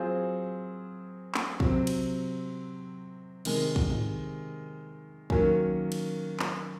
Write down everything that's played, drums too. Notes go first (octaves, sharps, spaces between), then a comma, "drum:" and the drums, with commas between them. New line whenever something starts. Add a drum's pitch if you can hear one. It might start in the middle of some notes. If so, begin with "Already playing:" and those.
Already playing: F#3 C4 F4 G#4 C5
drum: clap
C3 F#3 C4, drum: kick
drum: cymbal
C3 D#3 G#3, drum: cymbal
drum: kick
drum: tom G#2
D#3 F#3 A#3 C#4, drum: kick
drum: cymbal
drum: clap